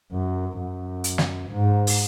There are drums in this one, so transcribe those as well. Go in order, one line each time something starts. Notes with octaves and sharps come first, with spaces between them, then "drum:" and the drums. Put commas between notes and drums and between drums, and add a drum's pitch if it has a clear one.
F#2
F#2
drum: hi-hat
drum: snare
G#2
drum: open hi-hat